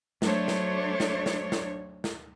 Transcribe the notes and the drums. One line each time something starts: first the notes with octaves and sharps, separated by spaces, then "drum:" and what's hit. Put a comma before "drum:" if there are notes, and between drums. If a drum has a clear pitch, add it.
F#3 A3 D4 C5 C#5, drum: snare
drum: snare
drum: snare
drum: snare
drum: snare
drum: snare